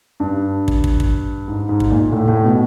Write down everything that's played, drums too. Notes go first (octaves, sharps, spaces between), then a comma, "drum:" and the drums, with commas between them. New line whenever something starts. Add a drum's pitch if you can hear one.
G2
drum: kick
drum: kick
drum: kick
G#2
G#2
drum: kick
A#2
A2
A2
B2